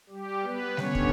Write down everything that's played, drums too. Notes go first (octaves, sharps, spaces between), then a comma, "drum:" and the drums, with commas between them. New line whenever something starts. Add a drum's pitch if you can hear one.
G3 G4
B3 B4
D3 G3 B3 C#4 C#5, drum: snare G3
drum: kick